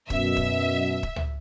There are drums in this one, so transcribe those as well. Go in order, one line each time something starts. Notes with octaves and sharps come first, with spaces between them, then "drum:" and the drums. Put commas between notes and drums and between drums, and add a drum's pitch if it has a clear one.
F#2 B2 E5, drum: kick
drum: kick
drum: kick
drum: tom C#2